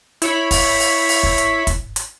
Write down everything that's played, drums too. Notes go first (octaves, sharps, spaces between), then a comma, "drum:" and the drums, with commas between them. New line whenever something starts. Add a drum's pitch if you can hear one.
E4 C#5 B5, drum: hi-hat
drum: kick, open hi-hat
drum: open hi-hat
drum: open hi-hat
drum: kick
drum: hi-hat
drum: kick, hi-hat
drum: hi-hat